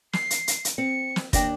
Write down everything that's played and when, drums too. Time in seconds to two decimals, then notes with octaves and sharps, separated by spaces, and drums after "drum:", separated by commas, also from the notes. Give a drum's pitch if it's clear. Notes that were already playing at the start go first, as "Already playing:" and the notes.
0.13 C7, drum: snare
0.30 drum: hi-hat
0.48 drum: hi-hat
0.65 drum: hi-hat
0.78 C4 C#7
1.16 drum: snare
1.33 D#2 D4 G5 A#6, drum: kick, hi-hat